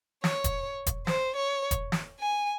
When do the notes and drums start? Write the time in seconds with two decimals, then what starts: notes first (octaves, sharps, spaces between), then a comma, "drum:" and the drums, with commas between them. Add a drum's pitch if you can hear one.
0.24 C#5, drum: snare
0.44 drum: kick E1, hi-hat
0.86 drum: kick E1, hi-hat
1.07 C5, drum: snare
1.36 C#5
1.71 drum: kick E1, hi-hat
1.92 drum: snare
2.20 G#5